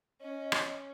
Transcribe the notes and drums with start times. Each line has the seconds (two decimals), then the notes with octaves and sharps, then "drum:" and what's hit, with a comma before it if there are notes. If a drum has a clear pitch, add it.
0.21 C#4 D#5
0.52 drum: rim click